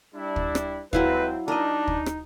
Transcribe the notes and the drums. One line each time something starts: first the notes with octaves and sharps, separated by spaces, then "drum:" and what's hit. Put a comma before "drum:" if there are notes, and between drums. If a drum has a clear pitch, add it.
G3 D4 E4
drum: kick
drum: rim click
C3 F#3 G#3 C4 E4 B4 F5, drum: kick
D4 D#4 A#4 D#5
drum: kick
drum: rim click